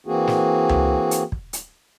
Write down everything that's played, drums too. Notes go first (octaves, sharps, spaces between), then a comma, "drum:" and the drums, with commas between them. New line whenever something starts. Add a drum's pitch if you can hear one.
E3 A#3 C4 F#4 G#4
drum: snare
drum: tom C#2
drum: hi-hat
drum: kick
drum: hi-hat